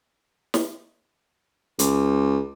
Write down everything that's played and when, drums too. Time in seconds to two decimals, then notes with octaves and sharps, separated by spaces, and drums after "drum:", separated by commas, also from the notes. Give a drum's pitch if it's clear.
0.54 drum: snare
1.79 C#2, drum: hi-hat